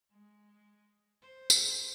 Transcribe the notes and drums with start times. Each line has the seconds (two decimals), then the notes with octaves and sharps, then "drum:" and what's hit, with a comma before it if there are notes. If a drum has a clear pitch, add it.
0.12 G#3
1.22 C5
1.50 drum: tambourine